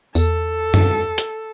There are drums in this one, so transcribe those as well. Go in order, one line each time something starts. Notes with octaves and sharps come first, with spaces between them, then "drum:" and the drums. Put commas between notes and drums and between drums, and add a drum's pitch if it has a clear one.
E2 A4, drum: tambourine
drum: tom F#2
drum: hi-hat